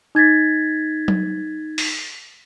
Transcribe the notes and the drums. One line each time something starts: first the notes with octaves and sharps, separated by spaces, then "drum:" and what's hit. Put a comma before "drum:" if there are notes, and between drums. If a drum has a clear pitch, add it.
D#4 G#6 A6 B6
drum: tom F#3
drum: open hi-hat